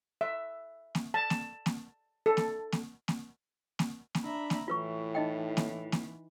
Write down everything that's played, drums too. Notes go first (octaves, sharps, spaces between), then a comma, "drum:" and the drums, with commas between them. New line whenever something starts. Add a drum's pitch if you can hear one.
E5
drum: snare A#3
A5
drum: snare A#3
drum: snare A#3
A4
drum: snare A#3
drum: snare A#3
drum: snare A#3
drum: snare A#3
drum: snare A#3
D4 E5 A#5 B5
drum: snare A#3
A2 E3 F4 B4 C#6
D#4 D#5 G5
drum: snare A#3
drum: snare A#3